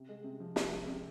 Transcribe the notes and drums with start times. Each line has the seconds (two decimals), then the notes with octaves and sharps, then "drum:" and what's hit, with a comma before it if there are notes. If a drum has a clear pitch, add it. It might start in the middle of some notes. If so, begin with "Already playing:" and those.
Already playing: C3
0.09 G#3
0.24 C3
0.40 F3
0.56 C3, drum: snare
0.72 G#3
0.88 C3